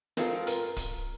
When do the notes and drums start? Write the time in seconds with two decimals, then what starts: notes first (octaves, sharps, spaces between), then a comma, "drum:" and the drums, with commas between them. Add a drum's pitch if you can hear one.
0.17 G#3 C4 F4 A4 A#4, drum: snare
0.47 A#4, drum: hi-hat
0.77 drum: kick D1, hi-hat